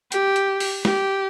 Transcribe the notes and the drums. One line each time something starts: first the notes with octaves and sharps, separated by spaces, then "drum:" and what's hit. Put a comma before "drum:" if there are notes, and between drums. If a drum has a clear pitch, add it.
G4, drum: hi-hat
drum: hi-hat
drum: open hi-hat
G4, drum: snare